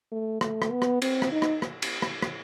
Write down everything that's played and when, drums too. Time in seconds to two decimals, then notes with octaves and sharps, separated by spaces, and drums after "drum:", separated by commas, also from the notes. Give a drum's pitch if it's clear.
0.12 A3
0.41 A3, drum: rim click
0.62 drum: rim click
0.72 B3
0.82 drum: rim click
1.02 C4, drum: cymbal
1.22 drum: rim click
1.32 D#4
1.42 drum: rim click
1.62 drum: rim click
1.82 drum: cymbal
2.02 drum: rim click
2.22 drum: rim click